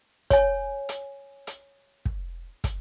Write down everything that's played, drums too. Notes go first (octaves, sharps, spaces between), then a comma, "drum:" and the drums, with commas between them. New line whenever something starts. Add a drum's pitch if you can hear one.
C#5 G#5, drum: kick, hi-hat
drum: hi-hat
drum: hi-hat
drum: kick
drum: kick, hi-hat